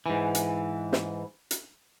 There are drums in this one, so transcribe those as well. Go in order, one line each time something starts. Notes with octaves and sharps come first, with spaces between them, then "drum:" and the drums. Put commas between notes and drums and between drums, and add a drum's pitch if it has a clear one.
G#2 E3
drum: hi-hat
drum: snare
drum: hi-hat